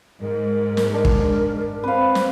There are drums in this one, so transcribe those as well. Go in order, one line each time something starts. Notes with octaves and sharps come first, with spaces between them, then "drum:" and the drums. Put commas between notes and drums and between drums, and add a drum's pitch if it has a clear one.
G#2 A#4
drum: snare
D4 A#4
drum: kick
C4 B4 F5
drum: snare